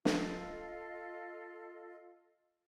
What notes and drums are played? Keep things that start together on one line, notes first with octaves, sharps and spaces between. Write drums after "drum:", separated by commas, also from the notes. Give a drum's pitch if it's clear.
F4 A4 D#5, drum: snare